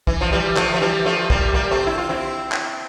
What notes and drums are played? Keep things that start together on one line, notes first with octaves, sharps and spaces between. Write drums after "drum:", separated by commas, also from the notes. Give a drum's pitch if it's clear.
E3, drum: kick
F3
E3 G3
F3 A3, drum: clap
F3
E3 G3
F3 A3
G3 A#3, drum: kick
G3 A#3
A3 C4
E4
F4
C4 E4
drum: clap